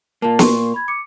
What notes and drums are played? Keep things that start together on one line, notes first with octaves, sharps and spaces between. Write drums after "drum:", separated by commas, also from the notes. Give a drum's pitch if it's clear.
A#2 A#3 A5
C6 C#6, drum: snare
B5 G#6
D6 C#7